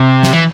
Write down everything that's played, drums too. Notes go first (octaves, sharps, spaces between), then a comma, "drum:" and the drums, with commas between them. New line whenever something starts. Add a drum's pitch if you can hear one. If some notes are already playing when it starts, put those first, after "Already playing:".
Already playing: C3
drum: snare
E3